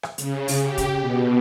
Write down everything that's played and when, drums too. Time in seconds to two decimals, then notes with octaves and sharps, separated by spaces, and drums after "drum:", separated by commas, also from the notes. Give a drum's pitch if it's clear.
0.03 drum: rim click
0.18 C#3, drum: hi-hat
0.48 drum: open hi-hat
0.63 G4
0.78 drum: kick, hi-hat
1.01 B2